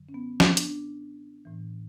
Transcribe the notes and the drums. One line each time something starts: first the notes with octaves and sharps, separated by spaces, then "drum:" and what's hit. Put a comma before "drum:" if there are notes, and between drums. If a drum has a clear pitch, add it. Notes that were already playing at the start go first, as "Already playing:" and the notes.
Already playing: F#2 D3 F#3
C#4
B3
drum: snare
D4, drum: hi-hat
A2 E3